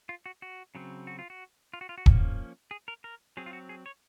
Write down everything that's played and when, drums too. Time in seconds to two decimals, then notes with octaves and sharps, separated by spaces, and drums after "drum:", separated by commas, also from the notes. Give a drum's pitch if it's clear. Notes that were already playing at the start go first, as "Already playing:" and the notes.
0.09 F4
0.26 F#4
0.42 F#4
0.75 C#3 F#3 C4
1.07 F#4
1.19 F4
1.30 F#4
1.74 F4
1.81 F#4
1.89 F4
1.98 F#4
2.06 F3 A#3 C#4, drum: kick
2.71 G#4
2.88 A#4
3.04 A#4
3.37 F#3 C4 G#4
3.46 F4
3.53 F#4
3.69 G#4
3.86 C#5